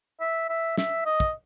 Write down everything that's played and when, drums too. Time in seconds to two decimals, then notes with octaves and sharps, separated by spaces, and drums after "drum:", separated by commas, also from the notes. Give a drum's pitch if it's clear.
0.20 E5
0.49 E5
0.77 E5, drum: snare
1.06 D#5
1.20 drum: kick